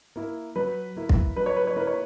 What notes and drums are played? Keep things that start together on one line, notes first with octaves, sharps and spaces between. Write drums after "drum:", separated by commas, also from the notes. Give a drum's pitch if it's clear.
A#3 E4 A#4
F#3 B4
A#3 E4 A#4
drum: kick
F#3 B4
C#5
B4
C#5
A#3 E4 A#4 B4
C#5